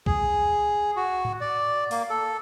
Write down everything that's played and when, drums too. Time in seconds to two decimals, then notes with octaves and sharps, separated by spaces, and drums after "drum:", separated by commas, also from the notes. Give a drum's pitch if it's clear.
0.06 G#4, drum: kick
0.96 F#4
1.25 drum: tom G#2
1.41 D5
1.91 A#3, drum: open hi-hat
2.10 A4